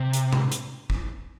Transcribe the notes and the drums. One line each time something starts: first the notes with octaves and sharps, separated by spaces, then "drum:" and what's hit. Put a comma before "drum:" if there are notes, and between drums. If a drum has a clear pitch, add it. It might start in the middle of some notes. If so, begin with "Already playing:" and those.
Already playing: C3
drum: hi-hat
drum: tom B2
drum: hi-hat
drum: kick